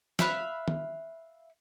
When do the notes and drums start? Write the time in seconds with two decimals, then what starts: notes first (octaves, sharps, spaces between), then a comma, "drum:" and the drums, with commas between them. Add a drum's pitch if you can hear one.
0.19 E5 F5 B5 F#6, drum: snare
0.68 drum: tom D#3